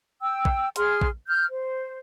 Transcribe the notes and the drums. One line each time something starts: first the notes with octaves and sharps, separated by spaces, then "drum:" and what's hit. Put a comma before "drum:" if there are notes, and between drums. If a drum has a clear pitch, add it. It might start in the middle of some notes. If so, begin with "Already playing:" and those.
G5 E6
drum: kick
G#4 C6 F6, drum: hi-hat
drum: kick
F6 G6
C5